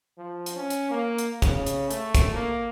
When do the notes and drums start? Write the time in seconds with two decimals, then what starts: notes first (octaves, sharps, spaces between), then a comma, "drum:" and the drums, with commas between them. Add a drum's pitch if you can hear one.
0.18 F3
0.46 drum: hi-hat
0.56 C#4
0.70 drum: hi-hat
0.91 A#3
1.18 drum: hi-hat
1.42 C#3, drum: kick, hi-hat
1.66 drum: hi-hat
1.91 A3, drum: hi-hat
2.15 drum: kick, hi-hat
2.34 A#3